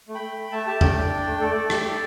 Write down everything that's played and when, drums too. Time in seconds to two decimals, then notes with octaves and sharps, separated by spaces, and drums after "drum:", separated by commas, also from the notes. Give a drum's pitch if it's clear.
0.08 A3
0.15 G5 B5
0.22 A3
0.37 A3
0.52 A3 E5 A5
0.66 G4 E5 A5
0.81 A3 D5 G5, drum: tom E2
0.96 D4
1.11 D4
1.26 A3
1.40 A3 A4 D5
1.55 A3
1.70 G4, drum: rim click
1.84 G4